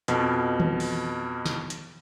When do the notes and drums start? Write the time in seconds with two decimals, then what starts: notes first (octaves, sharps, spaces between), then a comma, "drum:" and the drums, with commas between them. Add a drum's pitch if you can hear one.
0.08 F2 B2, drum: hi-hat
0.60 drum: tom D#3
0.80 drum: open hi-hat
1.46 drum: snare
1.70 drum: hi-hat